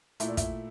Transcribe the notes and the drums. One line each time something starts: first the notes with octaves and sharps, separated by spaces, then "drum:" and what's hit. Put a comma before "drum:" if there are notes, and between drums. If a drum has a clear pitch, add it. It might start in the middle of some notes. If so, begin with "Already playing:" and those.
A#2 A3 E4 E5, drum: hi-hat
D5
E5, drum: kick, hi-hat